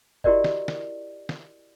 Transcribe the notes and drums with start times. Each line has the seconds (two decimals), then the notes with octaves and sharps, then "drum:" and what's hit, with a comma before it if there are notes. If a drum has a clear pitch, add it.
0.24 E4 F#4 G4 A#4 D5 D#5, drum: kick F#1
0.44 drum: snare
0.68 drum: snare
1.29 drum: snare